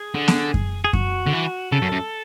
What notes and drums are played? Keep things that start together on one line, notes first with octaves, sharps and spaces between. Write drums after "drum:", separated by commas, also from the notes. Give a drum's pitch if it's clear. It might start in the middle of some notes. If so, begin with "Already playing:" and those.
Already playing: G#4
D3
drum: snare B3
drum: kick F#2
G#4
F#4, drum: kick F#2
D3
E3
C#3 A4
F#2
F#2